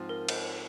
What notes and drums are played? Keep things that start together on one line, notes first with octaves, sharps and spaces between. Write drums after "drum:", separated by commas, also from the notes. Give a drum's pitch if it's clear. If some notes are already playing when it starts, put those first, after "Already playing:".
Already playing: G#2 F3 C4
A#4
C5, drum: cymbal